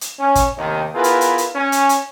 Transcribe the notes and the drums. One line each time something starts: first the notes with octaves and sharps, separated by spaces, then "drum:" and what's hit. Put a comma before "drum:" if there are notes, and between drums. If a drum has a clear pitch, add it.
drum: hi-hat
C#4
drum: kick, hi-hat
D#2 A2 C3 D#3
B3 E4 F4 G#4 A#4 B4
drum: hi-hat
drum: hi-hat
drum: hi-hat
C#4
drum: hi-hat
drum: hi-hat